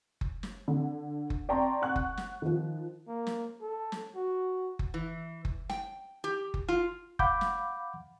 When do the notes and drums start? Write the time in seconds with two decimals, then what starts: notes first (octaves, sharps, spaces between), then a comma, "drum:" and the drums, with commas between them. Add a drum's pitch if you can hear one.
0.21 drum: kick F#1
0.43 drum: snare
0.68 D3
1.30 drum: kick F#1
1.49 D5 G5 A5 A#5 C6 C#6
1.82 F#5 C#6 F#6
1.96 drum: kick F#1
2.17 drum: snare
2.42 D#3 F3
3.08 A#3
3.27 drum: snare
3.61 A4
3.92 drum: snare
4.15 F#4
4.79 drum: kick F#1
4.94 E3
5.45 drum: kick F#1
5.70 G5, drum: snare
6.24 G4
6.54 drum: kick F#1
6.68 F4
7.19 F5 F#5 B5 D6 G6, drum: kick F#1
7.41 drum: snare